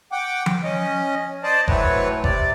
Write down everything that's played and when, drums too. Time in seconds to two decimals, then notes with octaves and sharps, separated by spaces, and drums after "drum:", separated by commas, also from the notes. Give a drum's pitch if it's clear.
0.12 F#5 G5 D6
0.46 drum: tom F3
0.64 C#4 D#5
1.43 C5 D5 D#5 A5
1.68 E3 F#3 A3 C4 B4 C#5, drum: kick F#1
2.24 C3 D5, drum: kick F#1